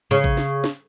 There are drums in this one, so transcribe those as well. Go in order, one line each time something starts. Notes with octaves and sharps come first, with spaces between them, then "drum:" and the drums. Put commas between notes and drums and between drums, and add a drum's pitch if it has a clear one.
C#3
drum: kick A1
drum: snare
drum: snare